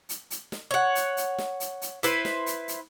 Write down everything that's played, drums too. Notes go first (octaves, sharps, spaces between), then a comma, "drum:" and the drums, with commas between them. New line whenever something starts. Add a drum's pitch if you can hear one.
drum: hi-hat
drum: hi-hat
drum: snare
C#5 F#5
drum: hi-hat
drum: hi-hat
drum: snare
drum: hi-hat
drum: hi-hat
E4 B4 C5, drum: hi-hat
drum: snare
drum: hi-hat
drum: hi-hat